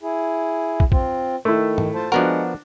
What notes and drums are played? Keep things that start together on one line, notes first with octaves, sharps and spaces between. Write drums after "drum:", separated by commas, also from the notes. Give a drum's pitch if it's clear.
E4 G#4
drum: kick
C4 F4, drum: kick
D#3 A3 E4
drum: tom
F4 C5 A5
F3 G#3 B3 D4 F#4 A#4 F#5